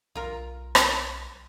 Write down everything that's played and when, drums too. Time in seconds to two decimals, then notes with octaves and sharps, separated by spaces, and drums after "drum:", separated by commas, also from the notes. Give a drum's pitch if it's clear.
0.15 B1 F4 A#4
0.75 drum: rim click